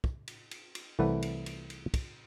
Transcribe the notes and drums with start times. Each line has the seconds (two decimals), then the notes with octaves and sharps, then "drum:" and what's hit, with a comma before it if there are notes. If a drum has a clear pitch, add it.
0.04 drum: kick
0.28 drum: cymbal
0.51 drum: cymbal
0.75 drum: cymbal
0.99 C2 E3 A3 B4 F#5
1.22 drum: cymbal
1.46 drum: cymbal
1.70 drum: cymbal
1.94 drum: kick, cymbal